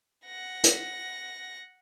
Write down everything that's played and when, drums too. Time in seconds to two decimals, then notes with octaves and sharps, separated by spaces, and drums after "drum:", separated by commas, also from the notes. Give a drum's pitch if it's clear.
0.25 F#5 A#6
0.64 drum: hi-hat